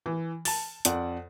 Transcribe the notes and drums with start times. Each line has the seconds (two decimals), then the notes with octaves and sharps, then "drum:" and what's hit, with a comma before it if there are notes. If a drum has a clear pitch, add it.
0.06 E3
0.45 A5 A6, drum: open hi-hat
0.85 F2 D5 F#5, drum: hi-hat